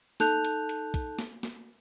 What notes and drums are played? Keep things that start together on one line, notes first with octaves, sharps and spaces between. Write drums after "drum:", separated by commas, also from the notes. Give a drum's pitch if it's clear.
D#4 A4 A5 F#6 G6 F7, drum: snare
drum: hi-hat
drum: hi-hat
drum: kick, hi-hat
drum: snare
drum: snare